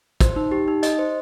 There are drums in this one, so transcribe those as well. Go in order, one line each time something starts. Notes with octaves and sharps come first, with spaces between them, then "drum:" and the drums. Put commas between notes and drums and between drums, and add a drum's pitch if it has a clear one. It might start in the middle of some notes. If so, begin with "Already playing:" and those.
C5, drum: kick, hi-hat
D#4
G4
D#4
D#5, drum: hi-hat
C5